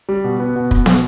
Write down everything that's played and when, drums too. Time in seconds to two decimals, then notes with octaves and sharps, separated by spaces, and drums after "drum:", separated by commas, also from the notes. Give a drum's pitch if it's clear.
0.09 G3
0.24 B2
0.40 B3
0.56 B2
0.71 B3, drum: kick
0.86 B2, drum: snare